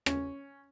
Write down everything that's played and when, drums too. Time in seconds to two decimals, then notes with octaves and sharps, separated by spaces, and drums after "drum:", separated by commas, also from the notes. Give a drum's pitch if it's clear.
0.06 C#4, drum: rim click